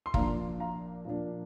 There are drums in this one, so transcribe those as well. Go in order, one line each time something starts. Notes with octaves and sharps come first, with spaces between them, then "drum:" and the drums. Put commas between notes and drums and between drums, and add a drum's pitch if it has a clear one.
C6
A#2 F3 A#3 D4 F5 A#5, drum: kick
F5 A#5
A#2 F3 A#3 D4